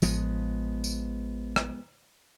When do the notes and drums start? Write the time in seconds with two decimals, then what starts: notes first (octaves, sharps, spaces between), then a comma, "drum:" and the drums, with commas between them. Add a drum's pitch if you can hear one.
0.02 A1 F3 G#3 B3, drum: tambourine
0.84 drum: tambourine
1.56 drum: rim click